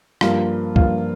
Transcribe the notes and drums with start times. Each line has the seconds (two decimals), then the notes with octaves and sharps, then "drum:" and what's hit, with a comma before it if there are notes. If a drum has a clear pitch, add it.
0.21 G2 F3 A#3 F4, drum: rim click
0.76 G2 F3 A#3 F4, drum: kick C2